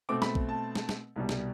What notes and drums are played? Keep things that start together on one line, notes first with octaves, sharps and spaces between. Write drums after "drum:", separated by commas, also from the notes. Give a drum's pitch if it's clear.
B2 A3 C4 D6
B5, drum: snare
drum: kick
A5
drum: snare
drum: snare
C2 B2 G3
drum: snare